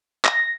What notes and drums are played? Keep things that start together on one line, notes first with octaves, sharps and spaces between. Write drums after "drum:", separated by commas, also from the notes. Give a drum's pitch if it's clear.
A#6, drum: clap